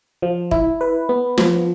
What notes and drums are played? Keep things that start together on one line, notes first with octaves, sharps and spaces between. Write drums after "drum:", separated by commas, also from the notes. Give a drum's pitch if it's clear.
F3
E4, drum: kick
B4
B3
F3, drum: snare